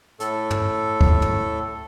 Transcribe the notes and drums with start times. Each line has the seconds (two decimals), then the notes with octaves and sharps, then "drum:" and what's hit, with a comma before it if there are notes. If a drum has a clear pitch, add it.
0.20 A2 A4, drum: hi-hat
0.50 drum: tom
1.01 drum: kick
1.22 drum: tom